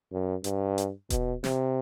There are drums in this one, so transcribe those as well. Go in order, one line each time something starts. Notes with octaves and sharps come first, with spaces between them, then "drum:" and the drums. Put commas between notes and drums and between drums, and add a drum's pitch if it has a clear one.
F#2
G2, drum: hi-hat
drum: hi-hat
B2, drum: kick D#1, hi-hat
C3, drum: snare